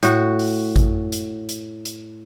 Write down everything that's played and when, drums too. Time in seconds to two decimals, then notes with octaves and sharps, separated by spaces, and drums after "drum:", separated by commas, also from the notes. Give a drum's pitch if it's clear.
0.03 A2 F#4, drum: hi-hat
0.39 drum: open hi-hat
0.76 drum: kick G#1, hi-hat
1.12 drum: hi-hat
1.49 drum: hi-hat
1.85 drum: hi-hat